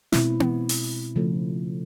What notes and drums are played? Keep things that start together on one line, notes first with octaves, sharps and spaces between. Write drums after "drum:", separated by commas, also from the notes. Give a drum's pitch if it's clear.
B2 G#3 C4 E4, drum: snare
drum: tom B3
drum: open hi-hat
C#3 F3 A3